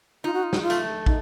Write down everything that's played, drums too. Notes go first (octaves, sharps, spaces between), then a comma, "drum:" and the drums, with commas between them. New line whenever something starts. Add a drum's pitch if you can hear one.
D#4 F4
F#4
F4
F#4, drum: snare
F4
A3, drum: hi-hat
D#4, drum: kick